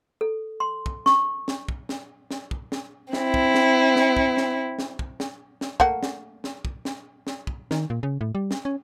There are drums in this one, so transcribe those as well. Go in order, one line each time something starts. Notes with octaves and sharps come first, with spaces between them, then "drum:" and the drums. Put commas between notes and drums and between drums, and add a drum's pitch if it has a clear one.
A4
C6
drum: kick
C#6, drum: snare
drum: snare
drum: kick
drum: snare
drum: snare
drum: kick
drum: snare
C4 E4, drum: snare
drum: kick
drum: snare
drum: snare
drum: kick
drum: snare
drum: snare
drum: kick
drum: snare
drum: snare
A3 A#3 F#5, drum: kick
drum: snare
drum: snare
drum: kick
drum: snare
drum: snare
drum: kick
D#3, drum: snare
A#2
C#3
A2
G3
drum: snare
C#4